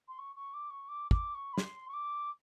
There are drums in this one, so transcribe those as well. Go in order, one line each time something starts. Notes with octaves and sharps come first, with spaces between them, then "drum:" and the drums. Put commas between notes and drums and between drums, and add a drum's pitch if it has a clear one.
C6
C#6
C#6
D6
C#6
D6
D6, drum: kick
C#6
B5
C6, drum: snare
C#6
D6